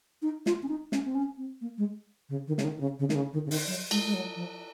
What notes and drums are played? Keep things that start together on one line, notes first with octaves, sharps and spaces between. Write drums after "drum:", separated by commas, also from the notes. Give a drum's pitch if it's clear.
D#4
F4, drum: snare
C#4
D#4
C#4, drum: snare
C4
C#4
C4
A#3
G#3
C#3
D#3
C#3, drum: snare
D#3
D#3
C#3
C#3
D#3, drum: snare
C#3
D#3
C#3
D#3, drum: open hi-hat
F#3
G#3, drum: cymbal
G#3
F#3
F3